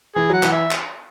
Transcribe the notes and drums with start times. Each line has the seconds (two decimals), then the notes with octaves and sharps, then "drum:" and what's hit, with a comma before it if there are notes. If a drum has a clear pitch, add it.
0.16 E3 G#4
0.30 F#3 F#5
0.43 E3, drum: clap
0.52 E5
0.71 drum: clap